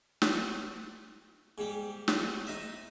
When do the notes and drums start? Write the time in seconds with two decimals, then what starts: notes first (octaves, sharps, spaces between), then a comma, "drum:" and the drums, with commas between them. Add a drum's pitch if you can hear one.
0.22 drum: snare
1.58 G#2 G3 G4
2.08 drum: snare
2.47 D#4 D#5 E5